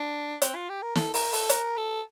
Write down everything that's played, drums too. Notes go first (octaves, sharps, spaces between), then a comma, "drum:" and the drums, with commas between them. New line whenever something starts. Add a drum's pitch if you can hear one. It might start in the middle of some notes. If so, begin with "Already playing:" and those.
Already playing: D4
C4, drum: hi-hat
F4
G4
A#4
A4, drum: snare
A#4, drum: open hi-hat
A4, drum: open hi-hat
A#4, drum: hi-hat
A4